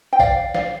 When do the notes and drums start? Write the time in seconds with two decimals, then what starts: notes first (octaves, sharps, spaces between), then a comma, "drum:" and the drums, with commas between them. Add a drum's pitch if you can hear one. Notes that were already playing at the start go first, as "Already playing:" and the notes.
0.13 G5
0.19 D5 F5, drum: kick A#1, tambourine
0.54 D5 F5, drum: snare